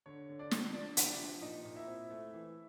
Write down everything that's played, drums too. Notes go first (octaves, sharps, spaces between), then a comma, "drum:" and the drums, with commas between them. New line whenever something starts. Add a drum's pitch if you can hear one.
D3 C#5
D3
D4 D5
F3, drum: snare
F3 D4 D5
C3, drum: hi-hat
D4 D5
F3
A#2 D#4 D#5
A#2
E4 E5
C4
A3
E3